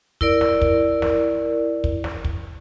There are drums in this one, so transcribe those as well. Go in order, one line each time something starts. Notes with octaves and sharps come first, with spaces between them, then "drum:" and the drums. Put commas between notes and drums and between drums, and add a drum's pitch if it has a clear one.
E4 A#4 D5, drum: kick
drum: snare
drum: kick
drum: snare
drum: kick
drum: snare
drum: kick